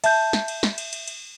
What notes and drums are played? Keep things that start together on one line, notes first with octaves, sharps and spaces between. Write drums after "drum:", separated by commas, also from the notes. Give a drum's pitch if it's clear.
E5 A5 G6, drum: cymbal
drum: snare
drum: cymbal
drum: snare
drum: cymbal
drum: cymbal
drum: cymbal